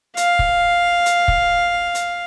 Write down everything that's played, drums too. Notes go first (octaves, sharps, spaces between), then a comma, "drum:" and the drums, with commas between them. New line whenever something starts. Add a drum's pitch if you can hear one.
F5, drum: hi-hat
drum: kick
drum: hi-hat
drum: kick
drum: hi-hat